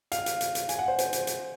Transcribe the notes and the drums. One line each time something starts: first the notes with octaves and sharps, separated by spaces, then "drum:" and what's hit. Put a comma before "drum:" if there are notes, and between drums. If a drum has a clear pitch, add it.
F5, drum: hi-hat
drum: hi-hat
drum: hi-hat
drum: hi-hat
G#5, drum: hi-hat
F#5
C5
C5, drum: hi-hat
drum: hi-hat
drum: hi-hat